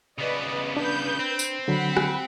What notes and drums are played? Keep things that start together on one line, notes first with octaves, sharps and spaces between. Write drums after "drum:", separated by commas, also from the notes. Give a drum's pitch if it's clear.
C#3 B3 B4 D5 D#5
D4 B4 G6
C4
drum: tambourine
D3 F#3 F#5 B5
drum: rim click